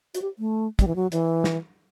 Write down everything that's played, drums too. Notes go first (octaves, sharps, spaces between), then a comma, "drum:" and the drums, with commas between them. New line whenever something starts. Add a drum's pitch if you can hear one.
F#4, drum: hi-hat
G4
A3
G3, drum: kick, hi-hat
E3
F#3
E3, drum: hi-hat
drum: snare